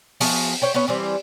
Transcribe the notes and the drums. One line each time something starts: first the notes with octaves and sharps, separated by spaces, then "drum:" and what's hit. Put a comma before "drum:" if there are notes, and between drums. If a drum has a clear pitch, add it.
F3 B3 F#4 G#4, drum: open hi-hat
C5 C#5 G5
B3 C#4
E3 G3 C4